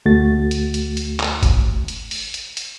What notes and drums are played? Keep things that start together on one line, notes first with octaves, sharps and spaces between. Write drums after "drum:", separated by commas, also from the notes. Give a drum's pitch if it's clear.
D2 A3 F#4 A6
drum: hi-hat
drum: hi-hat
drum: hi-hat
drum: clap
drum: kick G1, hi-hat
drum: hi-hat
drum: open hi-hat
drum: hi-hat
drum: hi-hat